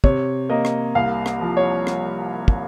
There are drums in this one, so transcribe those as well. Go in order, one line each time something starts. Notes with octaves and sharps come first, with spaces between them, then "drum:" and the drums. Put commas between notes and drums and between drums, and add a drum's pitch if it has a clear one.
C3 C#5, drum: kick
A#3 D#5
drum: rim click
C2 F5
drum: rim click
F3
C#5
drum: rim click
drum: kick